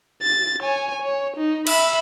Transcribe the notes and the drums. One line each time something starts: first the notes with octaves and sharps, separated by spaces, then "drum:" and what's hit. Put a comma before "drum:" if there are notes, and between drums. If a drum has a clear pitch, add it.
A6
C#5 G#5
C#5
D#4
E5 B5, drum: cymbal